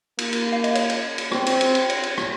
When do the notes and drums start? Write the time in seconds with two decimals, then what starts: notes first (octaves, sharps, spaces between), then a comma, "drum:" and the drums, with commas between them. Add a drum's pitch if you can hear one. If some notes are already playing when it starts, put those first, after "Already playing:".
0.19 A#3, drum: cymbal
0.33 drum: cymbal
0.52 F5
0.64 D#5, drum: cymbal
0.75 C#5, drum: cymbal
0.90 drum: cymbal
1.18 drum: cymbal
1.32 C4, drum: rim click
1.46 drum: cymbal
1.61 drum: cymbal
1.75 drum: cymbal
1.90 C#5, drum: cymbal
2.03 drum: cymbal
2.18 drum: rim click